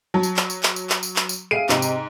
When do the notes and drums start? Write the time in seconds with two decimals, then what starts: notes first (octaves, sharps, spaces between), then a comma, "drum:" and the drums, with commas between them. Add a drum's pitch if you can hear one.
0.14 F#3 A5
0.23 drum: tambourine
0.37 drum: clap
0.50 drum: tambourine
0.63 drum: clap
0.76 drum: tambourine
0.90 drum: clap
1.03 drum: tambourine
1.16 drum: clap
1.29 drum: tambourine
1.51 G#4 E5 F5 C7 D7 D#7
1.69 G#2 C3, drum: clap
1.82 drum: tambourine